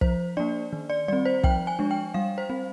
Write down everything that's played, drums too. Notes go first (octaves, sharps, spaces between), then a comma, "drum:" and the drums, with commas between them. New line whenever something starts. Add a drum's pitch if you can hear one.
F3 C5, drum: kick
A#3 D4 D5
D#3
D5
G3 C4 D5
C5
F3 G5, drum: kick
G#5
G#3 D4
G5
G3 F5
C5
C4